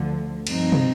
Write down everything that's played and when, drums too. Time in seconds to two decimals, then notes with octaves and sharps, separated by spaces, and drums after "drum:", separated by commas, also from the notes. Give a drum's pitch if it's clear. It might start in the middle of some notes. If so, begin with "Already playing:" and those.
Already playing: D2 D3 F3
0.47 G2 F3 C4 D#4, drum: cymbal
0.72 drum: tom